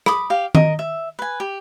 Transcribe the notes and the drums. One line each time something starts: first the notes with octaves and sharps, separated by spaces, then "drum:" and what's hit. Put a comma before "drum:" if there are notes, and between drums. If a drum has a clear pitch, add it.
B5 D6 D#6, drum: rim click
G4 F5
A#4 D#5, drum: tom D#3
E5
B4 G#5
G4